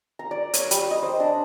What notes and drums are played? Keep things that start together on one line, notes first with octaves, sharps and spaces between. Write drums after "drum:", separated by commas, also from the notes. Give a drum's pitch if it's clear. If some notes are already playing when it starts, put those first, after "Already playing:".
A#5
D5
C#5, drum: hi-hat
G3, drum: hi-hat
D#5
C5
D4